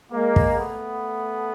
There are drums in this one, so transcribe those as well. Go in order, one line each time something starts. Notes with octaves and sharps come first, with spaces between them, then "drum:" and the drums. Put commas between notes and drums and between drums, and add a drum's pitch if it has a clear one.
G#3 A#3
drum: kick
A3 B3